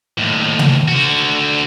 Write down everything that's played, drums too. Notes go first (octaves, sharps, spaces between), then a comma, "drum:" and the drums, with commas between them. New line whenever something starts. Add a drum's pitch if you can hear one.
D#2 A2
drum: tom C3
D3 F#4